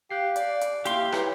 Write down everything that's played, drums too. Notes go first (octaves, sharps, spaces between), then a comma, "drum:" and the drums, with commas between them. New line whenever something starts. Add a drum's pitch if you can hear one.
G4 F5 F#6 G6 C7
D5, drum: hi-hat
drum: hi-hat
A#3 E4 G4 F5 C6, drum: hi-hat
E4 B4 C#5 A#5, drum: rim click